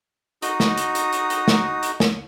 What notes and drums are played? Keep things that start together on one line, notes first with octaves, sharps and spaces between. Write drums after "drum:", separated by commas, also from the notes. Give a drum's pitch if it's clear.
D#4 F#4 A#5 D#6, drum: hi-hat
drum: snare
drum: hi-hat
drum: hi-hat
drum: hi-hat
drum: hi-hat
drum: snare
drum: hi-hat
drum: snare